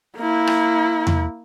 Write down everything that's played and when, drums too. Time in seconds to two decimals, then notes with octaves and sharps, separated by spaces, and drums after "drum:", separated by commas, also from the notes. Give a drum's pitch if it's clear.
0.18 A#3 E4
0.47 drum: rim click
1.07 drum: tom E2